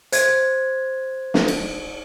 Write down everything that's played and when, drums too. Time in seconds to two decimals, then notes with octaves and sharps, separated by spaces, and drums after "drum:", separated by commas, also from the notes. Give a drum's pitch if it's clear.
0.12 C5 G#6, drum: hi-hat
1.34 drum: snare
1.48 drum: cymbal